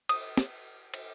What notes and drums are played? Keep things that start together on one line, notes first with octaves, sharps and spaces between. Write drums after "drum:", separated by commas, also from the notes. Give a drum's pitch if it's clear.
D#6, drum: cymbal
drum: snare
drum: cymbal